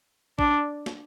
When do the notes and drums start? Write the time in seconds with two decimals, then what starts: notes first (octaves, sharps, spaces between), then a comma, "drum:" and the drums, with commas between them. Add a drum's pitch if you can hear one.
0.39 D4, drum: kick
0.86 drum: snare